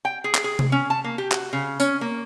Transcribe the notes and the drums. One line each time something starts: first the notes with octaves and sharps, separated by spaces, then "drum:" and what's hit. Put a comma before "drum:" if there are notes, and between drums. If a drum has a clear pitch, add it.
G5
G#4
drum: clap
G#4
drum: tom C3
C#4
A5
A#3
G4
F#4, drum: clap
C#3
C#4, drum: tambourine
A#3